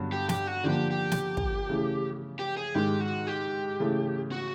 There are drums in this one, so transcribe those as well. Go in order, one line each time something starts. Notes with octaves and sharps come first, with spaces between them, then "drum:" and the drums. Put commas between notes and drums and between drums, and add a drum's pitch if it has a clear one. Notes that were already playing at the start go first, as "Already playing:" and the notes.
Already playing: G2 D3 F#3 B3
G4
G4, drum: snare
F#4
D3 F3 A#3 G4
G4
drum: snare
drum: kick
C#3 E3 A3
G4
G#4
G#2 D#3 G#3 G4
F#4
G4
C#3 E3 A3
F#4